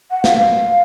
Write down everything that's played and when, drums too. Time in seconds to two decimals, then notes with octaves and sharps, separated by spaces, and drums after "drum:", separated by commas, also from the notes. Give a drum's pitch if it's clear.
0.11 F#5
0.24 F5, drum: snare
0.37 F5